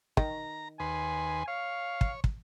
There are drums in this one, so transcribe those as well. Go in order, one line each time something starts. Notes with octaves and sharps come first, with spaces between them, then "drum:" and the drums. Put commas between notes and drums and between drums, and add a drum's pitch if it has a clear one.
D#3 A#5, drum: kick
D#2 B4 G#5 C6
C#5 F5
drum: kick
drum: kick